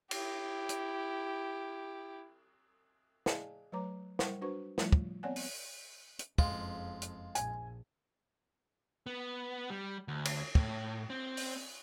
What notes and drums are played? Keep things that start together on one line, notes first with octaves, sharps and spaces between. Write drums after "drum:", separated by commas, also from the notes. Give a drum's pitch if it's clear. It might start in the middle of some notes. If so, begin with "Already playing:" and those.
E4 G4, drum: cymbal
drum: hi-hat
G#4 D5 D#5 F5 G#5 A5, drum: snare
F#3 A3 B4 C#5 A#5 D6
G3 A#4 C5 F#5 G5 C#6, drum: snare
D4 F#4 B4 C5 C#6
F3 G3 A3 F4, drum: snare
drum: kick
B3 C4 C#5 D5 F#5 G#5
drum: open hi-hat
drum: hi-hat
F#1 F2 G#3 F4, drum: kick
drum: hi-hat
A#1 G#5, drum: hi-hat
B3
G3
D2
drum: cymbal
A2, drum: kick
C4
drum: open hi-hat